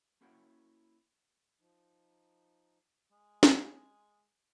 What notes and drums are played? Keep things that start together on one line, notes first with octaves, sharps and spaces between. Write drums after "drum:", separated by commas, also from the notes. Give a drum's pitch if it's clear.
A#3 C#4 E4 F#4 G5
F3 D#4
G#3
drum: snare